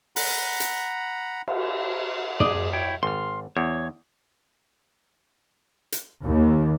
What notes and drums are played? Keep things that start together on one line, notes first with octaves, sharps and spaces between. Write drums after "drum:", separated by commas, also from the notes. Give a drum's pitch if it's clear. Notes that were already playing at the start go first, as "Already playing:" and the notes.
F#5 A#5 B5, drum: open hi-hat
drum: hi-hat
drum: cymbal
G#4 D5 D#5, drum: tom
E4 C#5 G5
G#1 C6 F6
E2 C#5
drum: hi-hat
D#2